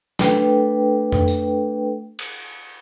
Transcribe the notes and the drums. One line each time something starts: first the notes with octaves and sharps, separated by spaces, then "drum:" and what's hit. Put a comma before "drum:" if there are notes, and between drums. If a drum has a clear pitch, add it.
A3 D4 A4 B4 G5, drum: snare
drum: tom F2
drum: tambourine
drum: cymbal